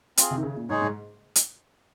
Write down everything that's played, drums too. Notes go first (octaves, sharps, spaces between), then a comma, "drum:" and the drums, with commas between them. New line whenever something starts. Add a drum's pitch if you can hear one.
C4 F4 G#4, drum: hi-hat
C3
D#3
C#3
A#2
G#2 G#3 D#4 G#4 C#5
G#2
drum: hi-hat